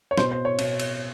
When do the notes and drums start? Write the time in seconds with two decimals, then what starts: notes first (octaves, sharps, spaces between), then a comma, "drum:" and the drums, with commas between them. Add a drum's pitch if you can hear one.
0.11 C#5
0.18 B2 C5, drum: snare
0.31 C5
0.45 C#5
0.59 B2, drum: cymbal
0.80 drum: cymbal